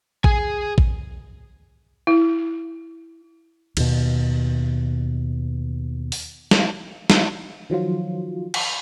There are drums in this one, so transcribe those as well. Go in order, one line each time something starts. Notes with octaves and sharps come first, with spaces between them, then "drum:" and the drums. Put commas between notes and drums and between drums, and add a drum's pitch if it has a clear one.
G#4 G#5, drum: kick A1
drum: kick A1
E4
D#2 B2, drum: cymbal
drum: open hi-hat
drum: snare
drum: snare
D#3 F3 F#3 F4
drum: cymbal